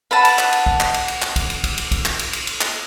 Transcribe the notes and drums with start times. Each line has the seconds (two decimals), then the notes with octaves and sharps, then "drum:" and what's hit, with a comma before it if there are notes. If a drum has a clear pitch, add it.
0.11 B4 F#5 A5
0.25 drum: cymbal
0.39 drum: clap
0.53 drum: cymbal
0.66 drum: kick
0.80 drum: clap
0.94 drum: cymbal
1.08 drum: cymbal
1.22 drum: clap
1.36 drum: kick, cymbal
1.50 drum: cymbal
1.64 drum: kick, cymbal
1.78 drum: cymbal
1.91 drum: kick, cymbal
2.05 drum: clap
2.19 drum: cymbal
2.33 drum: cymbal
2.47 drum: cymbal
2.61 drum: clap